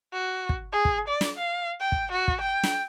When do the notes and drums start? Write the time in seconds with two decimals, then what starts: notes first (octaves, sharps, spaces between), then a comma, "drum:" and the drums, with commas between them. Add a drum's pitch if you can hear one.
0.14 F#4
0.49 drum: kick
0.72 G#4
0.85 drum: kick
1.08 D5
1.21 drum: snare
1.38 F5
1.81 G5
1.92 drum: kick
2.12 F#4
2.28 drum: kick
2.42 G5
2.63 drum: snare